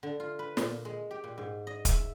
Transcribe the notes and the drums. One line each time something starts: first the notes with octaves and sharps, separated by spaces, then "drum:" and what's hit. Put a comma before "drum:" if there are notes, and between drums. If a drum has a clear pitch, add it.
D3
F4
B4
A#2, drum: snare
G#3
G4
A#2
G#2
D#5
E5, drum: kick, hi-hat